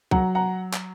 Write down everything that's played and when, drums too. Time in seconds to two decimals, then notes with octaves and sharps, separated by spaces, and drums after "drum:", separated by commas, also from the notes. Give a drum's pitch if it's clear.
0.11 F#3 F#5 A#5, drum: kick
0.35 F#5 A#5
0.73 drum: clap